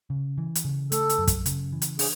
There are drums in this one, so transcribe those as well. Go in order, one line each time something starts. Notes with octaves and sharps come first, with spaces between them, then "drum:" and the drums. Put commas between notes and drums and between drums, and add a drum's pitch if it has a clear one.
C#3
E3
drum: hi-hat
C#3
A3 A4, drum: hi-hat
drum: hi-hat
F#2
drum: kick, hi-hat
C#3, drum: hi-hat
E3
drum: hi-hat
D4 G#4, drum: open hi-hat